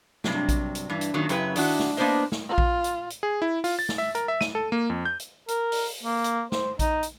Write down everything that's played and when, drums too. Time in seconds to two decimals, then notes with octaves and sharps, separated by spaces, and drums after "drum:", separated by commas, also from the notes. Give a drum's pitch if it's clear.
0.24 G2 C3 F#3, drum: snare
0.49 drum: kick A#1, hi-hat
0.75 drum: hi-hat
0.89 G2 E3
1.01 drum: hi-hat
1.14 F#2 A#2 D#3 F#3
1.29 F#2 C#3 E4 G4 B4, drum: hi-hat
1.56 D#3 D4 E4 F#4, drum: open hi-hat
1.79 drum: snare
1.97 A#3 B3 D4 A#4 C5 D#5
2.32 drum: snare
2.49 F4
2.58 drum: kick A#1
2.84 drum: hi-hat
3.10 drum: hi-hat
3.23 G#4
3.42 E4
3.64 F4, drum: open hi-hat
3.79 A6
3.89 drum: snare
3.98 E5
4.15 A#4, drum: hi-hat
4.28 E5
4.41 D#7, drum: snare
4.55 A4
4.72 A#3
4.90 F2
5.05 G6
5.19 drum: hi-hat
5.48 A#4, drum: hi-hat
5.72 drum: open hi-hat
6.03 A#3
6.24 drum: hi-hat
6.52 C5, drum: snare
6.79 D#4, drum: kick A#1, hi-hat
7.03 drum: hi-hat